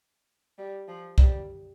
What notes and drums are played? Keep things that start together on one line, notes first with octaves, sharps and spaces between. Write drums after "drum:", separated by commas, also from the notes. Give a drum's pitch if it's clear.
G3
F3
G3, drum: kick